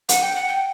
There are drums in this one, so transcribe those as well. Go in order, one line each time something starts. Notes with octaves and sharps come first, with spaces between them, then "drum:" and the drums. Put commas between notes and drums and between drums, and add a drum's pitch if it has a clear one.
F#5, drum: hi-hat
G5
F#5
G5